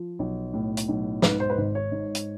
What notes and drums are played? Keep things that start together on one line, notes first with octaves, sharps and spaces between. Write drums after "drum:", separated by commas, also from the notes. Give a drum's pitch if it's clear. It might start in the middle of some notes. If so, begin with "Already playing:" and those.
Already playing: F3
B1
A2
drum: hi-hat
B1
G#2 B4, drum: snare
C5
B4
G#1 C5
C#5
G#2
drum: hi-hat